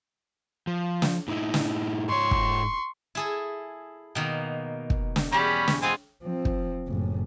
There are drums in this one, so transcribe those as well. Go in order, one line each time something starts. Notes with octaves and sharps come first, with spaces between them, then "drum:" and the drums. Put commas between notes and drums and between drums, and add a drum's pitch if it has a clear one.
F3
drum: snare
A2 D#4 E4
drum: snare
G#2 C#5 C6 C#6
drum: kick
E4 G#4 A4
B2 D#3 A#3
drum: kick
drum: snare
E2 G3 C#4 G4 B5
drum: snare
G#3 B3 C4 F4 G#5
F3 C4
drum: kick
F#1 A2